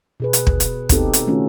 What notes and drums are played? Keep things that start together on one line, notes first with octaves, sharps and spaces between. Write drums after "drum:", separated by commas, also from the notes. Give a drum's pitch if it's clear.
B2 G#4 B4
drum: hi-hat
drum: kick
drum: hi-hat
B3 C4 D#4 G4 A4, drum: kick, hi-hat
drum: hi-hat
D#3 A3 C#4 F4 F#4